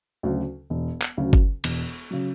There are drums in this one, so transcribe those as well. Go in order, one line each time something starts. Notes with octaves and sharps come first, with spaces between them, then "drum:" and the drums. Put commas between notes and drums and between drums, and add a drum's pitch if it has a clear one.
D2 C#3 F#3
E1
drum: clap
D2 C#3 F#3
drum: kick G1
E1, drum: cymbal
C#3 F#3